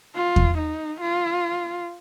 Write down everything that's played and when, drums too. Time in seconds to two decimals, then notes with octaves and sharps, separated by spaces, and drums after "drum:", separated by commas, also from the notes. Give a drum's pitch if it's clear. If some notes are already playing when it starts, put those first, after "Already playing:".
0.15 F4
0.36 drum: kick E2
0.58 D#4
1.01 F4